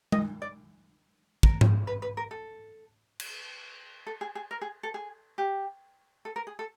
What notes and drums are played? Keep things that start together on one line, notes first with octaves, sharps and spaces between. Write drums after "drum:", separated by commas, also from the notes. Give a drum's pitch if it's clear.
D#5, drum: tom G#3
D5
A#4, drum: kick
drum: tom G#2
B4
B4
A#4
A4
drum: cymbal
A4
G#4
G#4
A#4
G#4
A4
G#4
G4
A4
A#4
G#4
A4